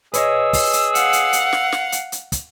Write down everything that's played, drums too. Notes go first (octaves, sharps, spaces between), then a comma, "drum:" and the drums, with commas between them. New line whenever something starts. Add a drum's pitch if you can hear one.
G#4 B4 C#5 D#5 E6, drum: hi-hat
drum: kick, open hi-hat
drum: hi-hat
F5 F#5, drum: hi-hat
drum: hi-hat
drum: hi-hat
drum: snare
drum: snare
drum: hi-hat
drum: hi-hat
drum: kick, hi-hat